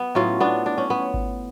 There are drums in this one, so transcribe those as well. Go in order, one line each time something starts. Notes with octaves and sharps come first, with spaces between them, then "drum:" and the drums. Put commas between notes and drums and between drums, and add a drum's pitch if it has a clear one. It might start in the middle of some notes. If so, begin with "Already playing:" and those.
Already playing: B3
A2 F#3 C#4 F4
B3 D4
D4
C#4
B3
drum: kick G#1